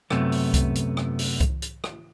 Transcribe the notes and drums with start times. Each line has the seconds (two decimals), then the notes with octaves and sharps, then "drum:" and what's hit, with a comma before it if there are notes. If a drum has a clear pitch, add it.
0.10 F#2 C3 A3 B3, drum: rim click
0.32 drum: open hi-hat
0.54 drum: kick C2, hi-hat
0.75 drum: hi-hat
0.97 drum: rim click
1.19 drum: open hi-hat
1.40 drum: kick C2, hi-hat
1.62 drum: hi-hat
1.84 drum: rim click